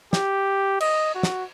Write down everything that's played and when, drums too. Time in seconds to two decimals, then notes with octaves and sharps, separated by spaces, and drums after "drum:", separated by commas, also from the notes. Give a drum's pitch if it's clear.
0.13 G4, drum: snare
0.80 D#5, drum: cymbal
1.14 F#4
1.23 drum: snare